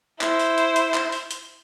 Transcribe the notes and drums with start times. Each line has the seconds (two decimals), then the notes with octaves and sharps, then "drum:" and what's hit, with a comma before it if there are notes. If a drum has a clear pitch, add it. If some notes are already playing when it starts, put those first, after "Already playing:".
0.21 E4 C5, drum: clap
0.39 drum: open hi-hat
0.58 drum: hi-hat
0.76 drum: hi-hat
0.94 drum: clap
1.12 drum: open hi-hat
1.31 drum: hi-hat